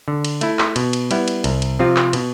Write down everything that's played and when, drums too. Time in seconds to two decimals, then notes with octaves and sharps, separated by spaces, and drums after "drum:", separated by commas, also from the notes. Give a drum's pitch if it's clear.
0.08 D3
0.25 drum: cymbal
0.41 A3 E4, drum: cymbal
0.59 drum: clap
0.76 B2, drum: cymbal
0.93 drum: cymbal
1.11 G3 B3 E4, drum: cymbal
1.28 drum: cymbal
1.44 C2, drum: cymbal
1.62 drum: cymbal
1.79 C3 F3 C4 F4
1.96 drum: clap
2.13 B2, drum: cymbal